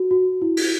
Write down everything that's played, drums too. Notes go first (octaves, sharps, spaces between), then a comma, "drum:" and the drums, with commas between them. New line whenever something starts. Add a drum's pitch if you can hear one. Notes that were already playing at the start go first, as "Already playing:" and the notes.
Already playing: F#4
F#4
E4
drum: open hi-hat